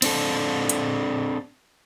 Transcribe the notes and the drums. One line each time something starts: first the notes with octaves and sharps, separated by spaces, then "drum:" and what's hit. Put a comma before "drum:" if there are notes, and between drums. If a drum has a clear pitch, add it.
C4 D4 A4, drum: cymbal
drum: hi-hat